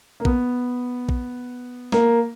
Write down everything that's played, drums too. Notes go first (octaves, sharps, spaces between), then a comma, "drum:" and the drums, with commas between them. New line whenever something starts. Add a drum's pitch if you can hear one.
A#3
B3, drum: kick A#1
drum: kick A#1
A#3, drum: snare